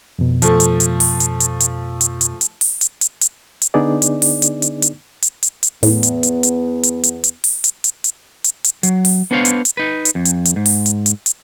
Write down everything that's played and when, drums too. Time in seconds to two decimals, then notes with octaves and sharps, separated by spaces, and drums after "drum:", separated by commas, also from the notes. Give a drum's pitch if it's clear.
0.19 F2 B2
0.42 F3 A3, drum: hi-hat
0.60 drum: hi-hat
0.80 drum: hi-hat
1.00 drum: open hi-hat
1.20 drum: hi-hat
1.40 drum: hi-hat
1.60 drum: hi-hat
2.01 drum: hi-hat
2.21 drum: hi-hat
2.41 drum: hi-hat
2.61 drum: open hi-hat
2.81 drum: hi-hat
3.01 drum: hi-hat
3.21 drum: hi-hat
3.62 drum: hi-hat
3.74 D3 B3 D4 D#4 G#4 D5
4.02 drum: hi-hat
4.22 drum: open hi-hat
4.42 drum: hi-hat
4.62 drum: hi-hat
4.82 drum: hi-hat
5.22 drum: hi-hat
5.43 drum: hi-hat
5.63 drum: hi-hat
5.83 E2 A2 B3, drum: open hi-hat
6.03 drum: hi-hat
6.23 drum: hi-hat
6.43 drum: hi-hat
6.83 drum: hi-hat
7.03 drum: hi-hat
7.24 drum: hi-hat
7.44 drum: open hi-hat
7.64 drum: hi-hat
7.84 drum: hi-hat
8.04 drum: hi-hat
8.44 drum: hi-hat
8.64 drum: hi-hat
8.83 F#3, drum: hi-hat
9.05 drum: open hi-hat
9.31 B3 D4 C5 C#5 F5
9.45 drum: hi-hat
9.65 drum: hi-hat
9.77 D#4 B4
10.05 drum: hi-hat
10.15 F2
10.25 drum: hi-hat
10.45 drum: hi-hat
10.56 G#2
10.66 drum: open hi-hat
10.86 drum: hi-hat
11.06 drum: hi-hat
11.26 drum: hi-hat